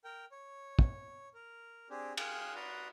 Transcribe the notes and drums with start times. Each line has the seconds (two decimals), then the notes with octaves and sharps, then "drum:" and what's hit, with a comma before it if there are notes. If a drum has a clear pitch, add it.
0.05 A#4 G5
0.32 C#5
0.79 drum: kick
1.34 A#4
1.90 C4 D4 G4 G#4
2.17 G#4 F5 G5 C6 D#6 F#6, drum: cymbal
2.55 F#4 B4 D5 A#5 C6 D#6